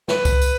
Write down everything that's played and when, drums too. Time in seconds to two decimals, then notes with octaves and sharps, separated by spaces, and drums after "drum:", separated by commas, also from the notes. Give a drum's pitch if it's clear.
0.08 B4, drum: snare
0.25 drum: kick C2, tambourine
0.42 drum: tambourine